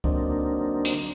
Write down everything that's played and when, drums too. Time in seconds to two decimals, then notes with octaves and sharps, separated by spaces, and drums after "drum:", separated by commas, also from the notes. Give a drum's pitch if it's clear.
0.04 D3 F#3 A#3 C4 D4 D#4, drum: kick C#2
0.85 drum: hi-hat